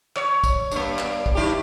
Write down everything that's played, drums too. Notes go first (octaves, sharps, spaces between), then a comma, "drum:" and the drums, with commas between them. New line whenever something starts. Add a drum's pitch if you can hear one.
C#5, drum: clap
drum: kick, tambourine
G2 A#3, drum: tambourine
drum: clap
drum: kick
G2 D#4 G4